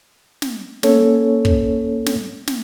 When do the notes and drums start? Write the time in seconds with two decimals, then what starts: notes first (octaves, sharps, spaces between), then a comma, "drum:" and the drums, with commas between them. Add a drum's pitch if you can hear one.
0.42 drum: snare
0.83 A#3 C#4 A4 C#5, drum: snare
1.45 drum: kick
2.06 drum: snare
2.47 drum: snare